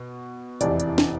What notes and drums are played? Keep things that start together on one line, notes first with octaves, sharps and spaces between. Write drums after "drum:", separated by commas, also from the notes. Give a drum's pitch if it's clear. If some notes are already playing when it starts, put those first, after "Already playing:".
Already playing: B2
F1 E2 C3 E3 D5, drum: hi-hat
drum: hi-hat
drum: snare